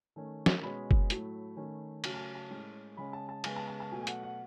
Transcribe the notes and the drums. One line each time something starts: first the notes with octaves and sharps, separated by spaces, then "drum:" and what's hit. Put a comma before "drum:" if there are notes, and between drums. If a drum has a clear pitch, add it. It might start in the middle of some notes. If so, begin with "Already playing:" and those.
D#3 A3 C#4
drum: snare
B2 G#3 C#4 B5
drum: kick F#1
A2 F#3 A3, drum: hi-hat
D#3 A3 C#4
C#3 F#3 A3 C#4 A5, drum: cymbal
A5
G#5
A5
A2 G#3 C#4
C#3 G#3 C#4 B5
A5
A5
C#3 G#3 B3 G#5, drum: cymbal
A5
A5
A5
B2 F#3 A3 G#5
G#5
F#5, drum: hi-hat
F#5